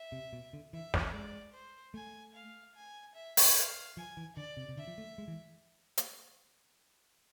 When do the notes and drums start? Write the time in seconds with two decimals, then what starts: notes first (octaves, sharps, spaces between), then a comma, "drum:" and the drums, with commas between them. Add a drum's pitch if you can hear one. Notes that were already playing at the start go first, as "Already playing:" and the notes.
Already playing: E5
0.12 C3
0.33 B2
0.53 D3
0.73 E3 E5
0.94 F3, drum: snare
1.13 G#3 D5
1.54 C5
1.94 A3 G#5
2.35 F5
2.76 G#5
3.15 E5
3.37 drum: open hi-hat
3.56 F5
3.97 F3 G#5
4.17 E3
4.36 D3 D5
4.57 C3
4.69 C3
4.77 D3 E5
4.87 F3
4.98 A3
5.18 G#3
5.28 E3
5.97 drum: hi-hat